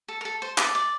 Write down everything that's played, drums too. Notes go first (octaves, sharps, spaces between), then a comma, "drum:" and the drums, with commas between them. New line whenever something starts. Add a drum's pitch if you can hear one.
A4
A#4
A4
C5
D5, drum: clap
D5